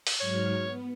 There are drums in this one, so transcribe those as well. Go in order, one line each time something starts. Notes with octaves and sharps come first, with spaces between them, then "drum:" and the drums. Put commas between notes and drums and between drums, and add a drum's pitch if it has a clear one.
drum: open hi-hat
G#2 F#3 C#5 F6
B3